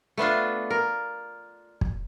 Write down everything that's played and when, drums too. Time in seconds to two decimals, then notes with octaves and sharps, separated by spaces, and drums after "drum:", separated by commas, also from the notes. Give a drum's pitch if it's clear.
0.18 A3 B3 D4 F4
0.70 A#4
1.81 drum: kick